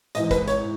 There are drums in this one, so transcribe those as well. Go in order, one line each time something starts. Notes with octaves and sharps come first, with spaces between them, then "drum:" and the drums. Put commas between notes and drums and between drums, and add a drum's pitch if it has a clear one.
G#2 E3 D#5, drum: hi-hat
B4, drum: kick, hi-hat
C#5, drum: hi-hat